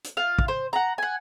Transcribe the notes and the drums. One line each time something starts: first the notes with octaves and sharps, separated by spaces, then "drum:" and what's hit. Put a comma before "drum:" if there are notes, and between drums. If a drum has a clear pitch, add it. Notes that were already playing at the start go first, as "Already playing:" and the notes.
drum: hi-hat
F4 F5
drum: kick
C5
F#5 A#5
F#5 G#5